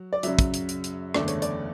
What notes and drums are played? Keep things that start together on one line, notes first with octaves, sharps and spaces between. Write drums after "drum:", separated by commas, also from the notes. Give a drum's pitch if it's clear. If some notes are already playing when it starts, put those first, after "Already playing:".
Already playing: F#3
D5
F#2 C#3 F#3 E5, drum: hi-hat
drum: kick, hi-hat
drum: hi-hat
drum: hi-hat
drum: hi-hat
F#1 E2 D3 A3 D5, drum: rim click
C#5, drum: hi-hat
D5, drum: hi-hat